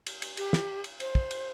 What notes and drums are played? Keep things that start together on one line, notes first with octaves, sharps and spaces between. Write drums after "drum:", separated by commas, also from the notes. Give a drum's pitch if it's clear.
drum: cymbal
drum: cymbal
G4, drum: cymbal
drum: snare
drum: cymbal
C5, drum: cymbal
drum: kick
drum: cymbal